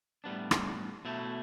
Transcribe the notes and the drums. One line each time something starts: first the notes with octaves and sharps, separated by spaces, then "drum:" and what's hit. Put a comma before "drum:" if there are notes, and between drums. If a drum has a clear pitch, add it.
A2 G3 B3 D4
drum: rim click
B2 A3 E4